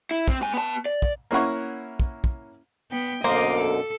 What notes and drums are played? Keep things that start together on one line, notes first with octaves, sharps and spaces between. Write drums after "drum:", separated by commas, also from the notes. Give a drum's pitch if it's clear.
E4
C4, drum: kick
G#2 G#5
B3 A5
D5
drum: kick
A#3 C#4 E4 F#5 C#6
drum: kick
drum: kick
B3 G5
F#2 B2 D3 A#3 C5 D#5 F5 D6
A4